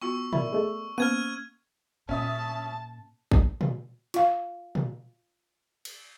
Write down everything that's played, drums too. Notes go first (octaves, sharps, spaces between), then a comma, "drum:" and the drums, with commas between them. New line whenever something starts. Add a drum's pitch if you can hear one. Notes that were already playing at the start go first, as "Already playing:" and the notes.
B3 F4 F#4 C#6 E6
E4 A#4 D5, drum: tom A#2
G#3 A3
A#3 B3 C#4 C5 F6 G#6 D#7
A#2 C#4 E5 A5 D#6
drum: kick A#1
drum: tom A#2
F4 F5, drum: hi-hat
drum: tom A#2
drum: cymbal